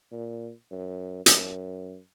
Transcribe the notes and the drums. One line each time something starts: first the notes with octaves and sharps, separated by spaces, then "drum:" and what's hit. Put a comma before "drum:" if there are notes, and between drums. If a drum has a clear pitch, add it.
A#2
F#2
F#2, drum: hi-hat